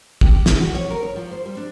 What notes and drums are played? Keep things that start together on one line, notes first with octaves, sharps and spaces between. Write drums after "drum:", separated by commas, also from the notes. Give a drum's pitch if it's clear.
G4, drum: kick
G#4, drum: snare
F#4
C#5
A#4
C#5
F3
C5
G3
D4